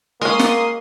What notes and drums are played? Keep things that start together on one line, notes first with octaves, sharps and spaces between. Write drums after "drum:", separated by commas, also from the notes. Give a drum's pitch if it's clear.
G#3 A#3 C#4 A#4 C6 D#6
drum: snare